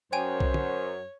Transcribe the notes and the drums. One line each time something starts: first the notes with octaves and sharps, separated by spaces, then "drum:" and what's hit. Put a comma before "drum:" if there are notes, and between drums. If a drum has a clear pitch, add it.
F#2 C5 C#5 G5 G#5 D#7
drum: kick B1
drum: tom